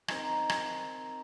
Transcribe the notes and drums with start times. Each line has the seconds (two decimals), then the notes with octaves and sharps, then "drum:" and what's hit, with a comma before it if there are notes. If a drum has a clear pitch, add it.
0.08 D#3 C4, drum: rim click
0.49 drum: rim click